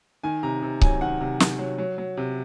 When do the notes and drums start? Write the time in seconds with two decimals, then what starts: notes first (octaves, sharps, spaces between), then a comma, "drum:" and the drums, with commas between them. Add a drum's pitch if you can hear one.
0.23 D#3 G#5
0.43 C3 A#5
0.62 C3
0.81 F#3 G#5, drum: kick C#1
1.01 D#3 F#5
1.21 C3
1.40 C3, drum: snare
1.59 F#3
1.78 F#3
1.98 F#3
2.17 C3